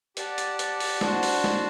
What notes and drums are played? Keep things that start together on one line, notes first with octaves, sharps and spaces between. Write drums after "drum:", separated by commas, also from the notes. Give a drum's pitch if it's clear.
G4 D5 F#5 A5, drum: hi-hat
drum: hi-hat
drum: hi-hat
drum: open hi-hat
D4 F#4 C5 F#5 A5, drum: snare
drum: open hi-hat
drum: snare